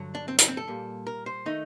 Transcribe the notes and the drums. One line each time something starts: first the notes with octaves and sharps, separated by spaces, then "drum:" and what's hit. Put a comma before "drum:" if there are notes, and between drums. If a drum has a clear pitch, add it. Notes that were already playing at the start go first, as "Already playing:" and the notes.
Already playing: G2 D3 F#3
D4
C4
D4, drum: hi-hat
C4
A4
A#2 G3 A#3
A#4
C5
D#3 A3 D#4